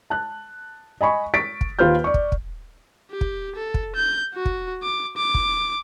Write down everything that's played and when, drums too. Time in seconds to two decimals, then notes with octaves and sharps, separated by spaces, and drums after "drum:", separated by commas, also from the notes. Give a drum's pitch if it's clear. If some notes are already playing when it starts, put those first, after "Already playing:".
0.10 A5 F#6
1.01 D#5 G#5 B5 C#6
1.34 C#6 A6 B6 D7
1.61 drum: kick
1.79 D#2 F4 B4 C5 F6 G6
2.04 D5 C#6
2.14 drum: kick
2.32 drum: kick
3.11 G4
3.21 drum: kick
3.56 A4
3.74 drum: kick
3.95 G6
4.35 F#4
4.45 drum: kick
4.83 D6
5.16 D6
5.34 drum: kick